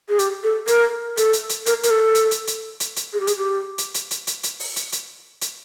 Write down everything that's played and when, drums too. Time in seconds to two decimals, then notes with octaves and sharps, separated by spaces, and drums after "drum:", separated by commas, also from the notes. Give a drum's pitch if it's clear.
0.09 G#4
0.19 G4, drum: hi-hat
0.43 A4
0.67 A#4, drum: hi-hat
1.17 A4, drum: hi-hat
1.33 drum: hi-hat
1.49 drum: hi-hat
1.66 A#4, drum: hi-hat
1.83 A#4, drum: hi-hat
1.90 A4
2.15 drum: hi-hat
2.31 drum: hi-hat
2.47 drum: hi-hat
2.80 drum: hi-hat
2.96 drum: hi-hat
3.13 G#4
3.20 G4
3.27 G#4, drum: hi-hat
3.38 G4
3.78 drum: hi-hat
3.94 drum: hi-hat
4.11 drum: hi-hat
4.27 drum: hi-hat
4.43 drum: hi-hat
4.60 drum: open hi-hat
4.76 drum: hi-hat
4.92 drum: hi-hat
5.41 drum: hi-hat